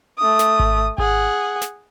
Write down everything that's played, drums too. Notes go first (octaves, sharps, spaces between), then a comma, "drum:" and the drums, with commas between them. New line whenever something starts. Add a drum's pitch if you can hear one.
A3 D#6
drum: snare
drum: kick G#1
G#4 F#5, drum: kick G#1
drum: snare